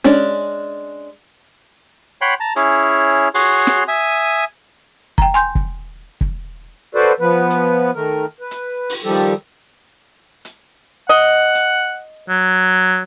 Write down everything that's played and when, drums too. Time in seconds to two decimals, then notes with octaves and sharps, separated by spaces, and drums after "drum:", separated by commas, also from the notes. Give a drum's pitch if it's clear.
0.04 G#3 C#4 D4, drum: snare
2.21 C#5 F#5 G5 B5 C6
2.40 A5 A#5
2.56 C#4 E4 G#4 C#5, drum: hi-hat
3.35 F#4 G#4 C#5 C6, drum: open hi-hat
3.67 drum: snare
3.88 E5 G#5 D#6
5.18 G5 A#5, drum: kick
5.34 G#5 C6 G6
5.55 drum: kick
6.21 drum: kick
6.95 F#4 A4 B4 C5 D5
7.20 F3 B3 B4
7.50 drum: hi-hat
7.95 D#3 A3 A#4
8.41 B4
8.51 drum: hi-hat
8.90 drum: open hi-hat
9.04 D#3 F3 G3 G4 A4
10.45 drum: hi-hat
11.09 D#5 F#5
11.55 drum: hi-hat
12.29 F#3